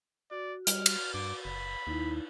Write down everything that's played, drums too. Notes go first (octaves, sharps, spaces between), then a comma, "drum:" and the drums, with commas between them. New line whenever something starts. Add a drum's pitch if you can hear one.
F#4 D5
G3 F6, drum: hi-hat
drum: cymbal
G2 D6
F#1 B5
D#2 D#4 E4